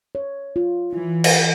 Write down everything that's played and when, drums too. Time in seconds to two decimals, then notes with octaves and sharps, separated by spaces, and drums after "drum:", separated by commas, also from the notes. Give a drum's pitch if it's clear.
0.15 C#5
0.56 F4
0.93 E3 E4
1.24 drum: cymbal